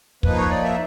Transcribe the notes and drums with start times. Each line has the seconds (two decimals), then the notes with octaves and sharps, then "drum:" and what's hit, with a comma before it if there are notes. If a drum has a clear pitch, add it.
0.23 F3 A#3 D#4 B4, drum: kick
0.36 C#5
0.49 D5
0.63 E5